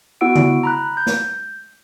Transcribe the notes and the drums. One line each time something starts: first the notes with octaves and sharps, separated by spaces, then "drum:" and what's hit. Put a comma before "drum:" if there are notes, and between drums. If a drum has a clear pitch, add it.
B3 E4 F#4 F#5 E6 D7
drum: tom C#3
A#5 B5 F#6
G6
drum: snare